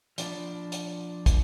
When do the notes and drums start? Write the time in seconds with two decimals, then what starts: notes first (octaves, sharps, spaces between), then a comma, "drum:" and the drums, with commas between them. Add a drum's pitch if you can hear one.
0.18 F3 D4, drum: hi-hat
0.72 drum: hi-hat
1.26 drum: kick, hi-hat